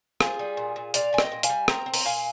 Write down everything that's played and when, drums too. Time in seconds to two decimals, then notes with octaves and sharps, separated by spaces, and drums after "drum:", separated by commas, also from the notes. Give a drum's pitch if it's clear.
0.21 C4 F4 G#4, drum: rim click
0.39 G3
0.57 A#2
0.76 A#2
0.94 A#2 D5 F5, drum: hi-hat
1.13 A#2 G#5
1.18 D#5 G5, drum: rim click
1.32 A#2
1.43 F5 G#5, drum: hi-hat
1.49 G3
1.68 C4 G5 A#5, drum: rim click
1.86 C4
1.94 A#5, drum: open hi-hat
2.05 A#2 F5 G#5